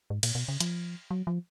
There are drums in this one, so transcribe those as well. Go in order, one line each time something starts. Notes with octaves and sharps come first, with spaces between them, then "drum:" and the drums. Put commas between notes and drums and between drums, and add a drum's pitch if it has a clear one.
G#2
A#2, drum: cymbal
B2
C#3
F3, drum: hi-hat
F#3
F3